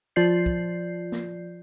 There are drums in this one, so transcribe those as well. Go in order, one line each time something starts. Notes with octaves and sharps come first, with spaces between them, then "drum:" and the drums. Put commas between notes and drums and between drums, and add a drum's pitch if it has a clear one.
F3 F4 D5 G6 C7
drum: kick
drum: snare